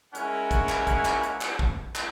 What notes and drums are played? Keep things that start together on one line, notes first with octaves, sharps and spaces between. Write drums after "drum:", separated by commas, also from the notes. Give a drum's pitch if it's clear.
G#3 C#4 E4 G#4 A#4 F#5, drum: hi-hat
drum: kick, hi-hat
drum: clap
drum: kick, hi-hat
drum: clap
drum: hi-hat
drum: clap
drum: kick
drum: clap